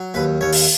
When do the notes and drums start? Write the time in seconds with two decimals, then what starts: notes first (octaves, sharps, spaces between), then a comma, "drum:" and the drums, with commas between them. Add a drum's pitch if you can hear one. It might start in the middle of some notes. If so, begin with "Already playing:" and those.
Already playing: F#3
0.14 D#2 B4
0.41 D#2 C#5
0.53 drum: open hi-hat